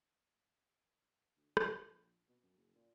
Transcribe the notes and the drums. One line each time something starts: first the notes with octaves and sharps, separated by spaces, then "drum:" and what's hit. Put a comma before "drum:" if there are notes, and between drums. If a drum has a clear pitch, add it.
D2
C#3, drum: rim click
A#1
B2
F#2
F#1
A#2